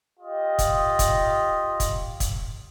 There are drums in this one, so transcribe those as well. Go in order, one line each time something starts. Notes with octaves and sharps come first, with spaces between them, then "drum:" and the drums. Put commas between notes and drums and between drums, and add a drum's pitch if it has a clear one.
F4 G4 D#5
drum: kick, hi-hat
drum: kick, hi-hat
drum: kick, hi-hat
drum: kick, hi-hat